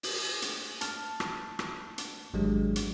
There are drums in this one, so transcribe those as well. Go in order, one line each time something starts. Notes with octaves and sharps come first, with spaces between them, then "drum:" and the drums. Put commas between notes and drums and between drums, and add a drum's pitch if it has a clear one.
drum: open hi-hat
drum: hi-hat
A5 F6, drum: hi-hat
drum: rim click
drum: rim click
drum: hi-hat
G#1 F#3 G#3 D4 G4
drum: hi-hat